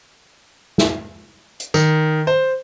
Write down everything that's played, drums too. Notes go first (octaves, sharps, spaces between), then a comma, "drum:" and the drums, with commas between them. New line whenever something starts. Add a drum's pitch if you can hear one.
drum: snare
drum: hi-hat
D#3, drum: tambourine
C5